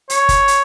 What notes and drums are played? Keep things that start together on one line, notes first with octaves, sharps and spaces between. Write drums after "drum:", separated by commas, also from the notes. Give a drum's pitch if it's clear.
C#5, drum: hi-hat
drum: kick F#1, hi-hat
drum: hi-hat